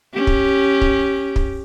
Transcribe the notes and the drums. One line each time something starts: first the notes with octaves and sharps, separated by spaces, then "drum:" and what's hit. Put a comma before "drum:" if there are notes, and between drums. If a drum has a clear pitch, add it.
C#4 G4
drum: kick
drum: kick
drum: kick